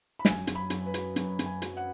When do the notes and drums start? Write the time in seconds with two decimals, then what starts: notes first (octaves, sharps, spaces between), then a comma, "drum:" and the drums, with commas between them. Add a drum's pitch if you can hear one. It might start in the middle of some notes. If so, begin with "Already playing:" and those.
0.19 B5
0.25 F#2 G#5, drum: snare
0.47 F#2, drum: hi-hat
0.55 B5
0.70 F#2, drum: hi-hat
0.86 B4
0.94 F#3, drum: hi-hat
1.16 F#2, drum: hi-hat
1.39 F#2, drum: hi-hat
1.46 G#5
1.62 F#3, drum: hi-hat
1.77 F#5